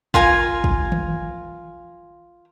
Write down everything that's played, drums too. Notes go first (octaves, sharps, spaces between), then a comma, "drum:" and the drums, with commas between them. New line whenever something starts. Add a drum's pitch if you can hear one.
F4 A#4 G#5, drum: kick
drum: kick
drum: tom D#3